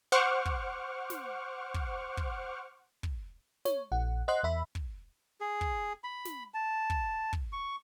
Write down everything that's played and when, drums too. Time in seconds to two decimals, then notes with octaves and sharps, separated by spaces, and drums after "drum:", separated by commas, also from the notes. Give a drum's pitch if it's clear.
0.12 C5 F#5 C#6 D6 F6
0.45 drum: kick
1.10 drum: snare
1.74 drum: kick
2.17 drum: kick
3.03 drum: kick
3.65 C#5, drum: snare
3.92 A#1 F#5
4.28 C5 D#5 F#5 C6 F#6
4.43 E2 E5 B5
4.75 drum: kick
5.41 G#4
5.61 drum: kick
6.04 B5
6.25 drum: snare
6.54 A5
6.90 drum: kick
7.33 drum: kick
7.52 C#6